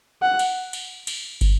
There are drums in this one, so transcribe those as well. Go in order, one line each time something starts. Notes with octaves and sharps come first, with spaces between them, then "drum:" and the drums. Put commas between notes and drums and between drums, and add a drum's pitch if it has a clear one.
F#5
drum: cymbal
drum: cymbal
drum: cymbal
drum: kick, cymbal